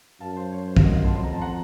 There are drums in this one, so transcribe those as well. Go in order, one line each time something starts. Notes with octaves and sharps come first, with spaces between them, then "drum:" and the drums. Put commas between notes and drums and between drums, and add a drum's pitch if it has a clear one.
F#2 F5 A5
C5
C#5
C5
F5, drum: kick
D#5 F#5
A5 C6
F2 C6
A#5
A5
F#5 A#5